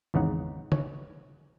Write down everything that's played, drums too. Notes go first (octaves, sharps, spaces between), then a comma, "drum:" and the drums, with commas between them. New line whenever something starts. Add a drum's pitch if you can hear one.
G#1 E2 C#3 D#4 F#5
C#5, drum: tom C#3